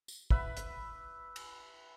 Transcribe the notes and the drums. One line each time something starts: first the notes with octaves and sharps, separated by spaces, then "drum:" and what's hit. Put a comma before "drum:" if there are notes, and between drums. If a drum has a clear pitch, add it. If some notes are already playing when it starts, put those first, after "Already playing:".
drum: tambourine
B4 E5 B5, drum: kick
drum: hi-hat
drum: cymbal